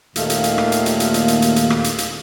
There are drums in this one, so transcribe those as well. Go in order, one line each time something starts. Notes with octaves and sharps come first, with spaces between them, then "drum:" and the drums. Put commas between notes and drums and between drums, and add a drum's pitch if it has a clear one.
D#2 A#2 D#3 A3 F5, drum: hi-hat
drum: hi-hat
drum: hi-hat
drum: rim click
drum: hi-hat
drum: hi-hat
drum: hi-hat
drum: hi-hat
drum: hi-hat
drum: hi-hat
drum: hi-hat
drum: rim click
drum: hi-hat
drum: hi-hat